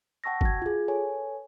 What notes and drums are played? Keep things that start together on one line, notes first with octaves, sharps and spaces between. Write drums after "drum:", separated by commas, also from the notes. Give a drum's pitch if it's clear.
F#5 G5 A5 C#6 E6 A#6
F#4 G#6, drum: kick
F4 G#4
A4 B4 C#5 G#5